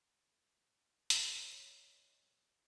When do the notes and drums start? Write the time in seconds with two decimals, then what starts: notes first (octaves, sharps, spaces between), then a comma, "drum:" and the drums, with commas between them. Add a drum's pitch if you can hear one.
1.10 C#4 D#4 A#4 B4, drum: hi-hat